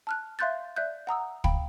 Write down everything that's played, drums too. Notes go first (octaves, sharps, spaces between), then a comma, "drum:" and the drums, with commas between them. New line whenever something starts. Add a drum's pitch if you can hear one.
A5 F6 F#6
E5 F5 C6 F#6 G6 A6
D5 E5 F#6 G6
F#5 A#5 D#6 E6
F5 G5 B5, drum: kick